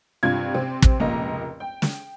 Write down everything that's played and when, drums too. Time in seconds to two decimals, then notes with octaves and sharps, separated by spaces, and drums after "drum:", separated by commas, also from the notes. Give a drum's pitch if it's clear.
0.23 G2 C3 F4 G#6
0.54 C3 C4
0.82 drum: kick
1.00 F1 C#2 A#2 A#3 D#5 A#5
1.60 G5
1.82 drum: snare